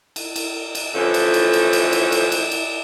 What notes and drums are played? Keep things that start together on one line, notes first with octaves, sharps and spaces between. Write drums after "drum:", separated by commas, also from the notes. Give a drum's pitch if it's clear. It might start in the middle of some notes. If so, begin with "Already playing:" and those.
drum: cymbal
drum: cymbal
drum: cymbal
D3 E3 F3 A3 C#4 A4
drum: cymbal
drum: cymbal
drum: cymbal
drum: cymbal
drum: cymbal
drum: cymbal
drum: cymbal
drum: cymbal